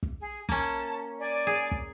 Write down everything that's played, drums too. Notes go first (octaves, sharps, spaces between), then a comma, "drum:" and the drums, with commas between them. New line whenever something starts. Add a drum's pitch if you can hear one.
drum: kick
G#4
A#3 C#4 A5, drum: kick
D5 G#5
G#4
drum: kick